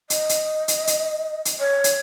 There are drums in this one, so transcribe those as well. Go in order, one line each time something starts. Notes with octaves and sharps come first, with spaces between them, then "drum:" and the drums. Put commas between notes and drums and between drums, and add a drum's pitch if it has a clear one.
D#5, drum: hi-hat
drum: hi-hat
drum: hi-hat
drum: hi-hat
drum: hi-hat
C#5
drum: hi-hat